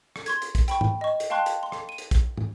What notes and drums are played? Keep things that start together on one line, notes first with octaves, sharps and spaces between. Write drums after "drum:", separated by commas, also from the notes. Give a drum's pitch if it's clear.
drum: rim click
C6 C#6 G#6, drum: hi-hat
drum: hi-hat
drum: kick, hi-hat
G5 B5 C#6, drum: hi-hat
drum: tom
D#5 C#6
drum: hi-hat
F5 G5 A5 C6 C#6 F#6
drum: hi-hat
C6
drum: rim click
D#7
drum: hi-hat
drum: kick, hi-hat
drum: tom